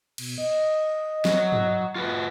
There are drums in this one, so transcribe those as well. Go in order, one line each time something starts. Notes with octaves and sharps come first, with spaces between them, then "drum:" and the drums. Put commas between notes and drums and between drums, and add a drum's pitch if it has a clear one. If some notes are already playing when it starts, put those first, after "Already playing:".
B2, drum: cymbal
D#5
F#3, drum: snare
drum: tom
F4 F#4 B4